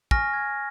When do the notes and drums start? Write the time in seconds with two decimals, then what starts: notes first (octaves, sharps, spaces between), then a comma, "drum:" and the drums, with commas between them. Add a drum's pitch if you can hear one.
0.11 G#5 C#6 F6 A#6, drum: kick
0.33 G#6